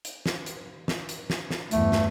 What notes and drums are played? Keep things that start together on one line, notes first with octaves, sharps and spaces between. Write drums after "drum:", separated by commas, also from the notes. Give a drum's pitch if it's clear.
drum: hi-hat
drum: snare
drum: hi-hat
drum: snare
drum: hi-hat
drum: snare
drum: snare
E2 G2 A3, drum: hi-hat
drum: snare